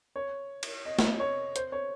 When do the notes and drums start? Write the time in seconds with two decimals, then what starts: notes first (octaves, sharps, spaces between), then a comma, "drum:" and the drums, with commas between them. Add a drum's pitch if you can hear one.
0.16 C#5
0.63 drum: cymbal
0.85 D#5
0.99 drum: snare
1.20 C#5
1.56 C5, drum: hi-hat
1.72 C#5